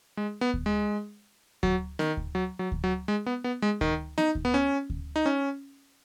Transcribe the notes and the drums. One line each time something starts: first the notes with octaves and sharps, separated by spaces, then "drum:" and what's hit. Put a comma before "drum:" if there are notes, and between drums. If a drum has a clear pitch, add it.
G#3
B3
drum: kick D2
G#3
F#3, drum: kick D2
D#3, drum: snare B3
drum: kick D2
F#3
F#3
drum: kick D2
F#3
G#3
B3
B3
G#3
D#3, drum: kick D2
D#4, drum: snare B3
drum: kick D2
B3
C#4
drum: kick D2
D#4
C#4